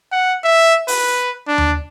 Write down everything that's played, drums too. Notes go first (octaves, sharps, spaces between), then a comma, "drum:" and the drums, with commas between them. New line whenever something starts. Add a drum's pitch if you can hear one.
F#5
E5
B4, drum: open hi-hat
D4
drum: tom D#2